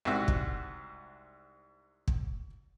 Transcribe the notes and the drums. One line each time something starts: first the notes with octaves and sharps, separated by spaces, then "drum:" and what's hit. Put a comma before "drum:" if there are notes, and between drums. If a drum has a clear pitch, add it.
C2 G#2 F#4 E5
drum: kick
drum: kick